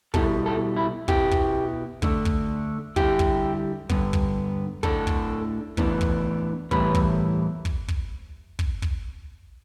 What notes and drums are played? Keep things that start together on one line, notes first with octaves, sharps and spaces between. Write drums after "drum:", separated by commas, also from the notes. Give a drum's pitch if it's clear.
B2 G3 E4 A4, drum: kick
A4
E4
B2 B3 E4 G4, drum: kick
drum: kick
D3 A3 D4, drum: kick
drum: kick
D3 G3 E4 G4, drum: kick
drum: kick
G2 D3 B3, drum: kick
drum: kick
A2 A3 D4 A4, drum: kick
drum: kick
A2 E3 B3 D4, drum: kick
drum: kick
A2 E3 G3 B3 E4 B4, drum: kick
drum: kick
drum: kick
drum: kick
drum: kick
drum: kick